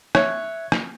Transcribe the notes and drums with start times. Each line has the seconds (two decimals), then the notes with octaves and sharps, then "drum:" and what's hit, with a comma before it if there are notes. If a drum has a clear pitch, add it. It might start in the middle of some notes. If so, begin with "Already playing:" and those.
0.15 C#5 E5 F#6, drum: rim click
0.72 drum: rim click